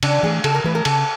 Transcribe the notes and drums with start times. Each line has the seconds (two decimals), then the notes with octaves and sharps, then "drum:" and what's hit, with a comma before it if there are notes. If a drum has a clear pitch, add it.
0.03 C#3 D4, drum: cymbal
0.23 E3 A3 G#4
0.44 C#3 A4, drum: cymbal
0.55 A#4
0.64 E3 A3 B4
0.75 A#4
0.85 C#3 A4, drum: cymbal